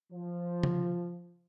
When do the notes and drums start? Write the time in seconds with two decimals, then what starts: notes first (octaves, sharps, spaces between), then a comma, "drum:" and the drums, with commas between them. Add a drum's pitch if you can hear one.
0.12 F3
0.63 drum: tom C#3